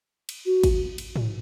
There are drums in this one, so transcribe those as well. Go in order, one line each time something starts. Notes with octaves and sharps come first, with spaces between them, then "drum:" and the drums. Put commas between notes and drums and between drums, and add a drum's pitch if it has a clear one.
drum: cymbal
F#4
drum: kick, cymbal
drum: cymbal
drum: tom G#2